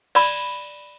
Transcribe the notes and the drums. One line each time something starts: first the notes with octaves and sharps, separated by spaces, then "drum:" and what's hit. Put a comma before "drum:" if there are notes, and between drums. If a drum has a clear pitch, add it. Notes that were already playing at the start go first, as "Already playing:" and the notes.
D5 B5, drum: cymbal